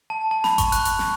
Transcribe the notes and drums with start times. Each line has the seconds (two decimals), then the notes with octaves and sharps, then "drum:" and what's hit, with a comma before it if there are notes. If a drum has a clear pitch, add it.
0.10 A5
0.31 A5
0.44 B5, drum: snare
0.58 C#6, drum: kick G#1, hi-hat
0.72 F#6, drum: hi-hat
0.85 drum: hi-hat
0.99 drum: snare